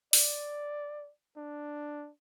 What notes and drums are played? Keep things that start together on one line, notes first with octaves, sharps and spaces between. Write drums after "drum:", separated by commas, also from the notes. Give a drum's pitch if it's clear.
D5, drum: open hi-hat
D4